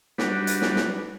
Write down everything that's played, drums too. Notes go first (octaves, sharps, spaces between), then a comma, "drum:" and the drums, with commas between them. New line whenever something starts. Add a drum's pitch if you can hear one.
G3 D4 F#4 B4, drum: snare
drum: hi-hat
drum: snare
drum: snare